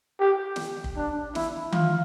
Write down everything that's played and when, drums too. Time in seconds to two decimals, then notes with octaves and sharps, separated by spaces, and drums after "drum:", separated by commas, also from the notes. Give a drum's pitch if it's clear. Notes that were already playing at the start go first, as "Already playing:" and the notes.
0.20 G4
0.56 drum: snare
0.84 drum: kick
0.97 D4
1.35 E4, drum: snare
1.72 F4, drum: tom D#3